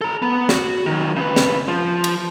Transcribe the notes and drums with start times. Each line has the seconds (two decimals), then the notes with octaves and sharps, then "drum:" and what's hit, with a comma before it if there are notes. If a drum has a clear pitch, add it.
0.01 A4 A#5
0.22 B3
0.49 F#4, drum: snare
0.86 D#3 F#3
1.16 C#3 B4
1.36 drum: snare
1.68 F3
2.04 drum: cymbal